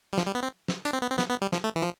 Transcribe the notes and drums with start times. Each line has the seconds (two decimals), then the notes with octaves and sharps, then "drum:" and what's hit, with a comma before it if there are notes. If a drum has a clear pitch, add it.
0.13 G3
0.18 F3, drum: snare
0.27 G3
0.35 B3
0.43 C4
0.68 drum: snare
0.85 D4, drum: hi-hat
0.93 C4
1.02 B3
1.10 C4
1.18 B3, drum: snare
1.30 B3
1.42 G3
1.52 F3, drum: snare
1.64 A3
1.76 E3
1.82 F3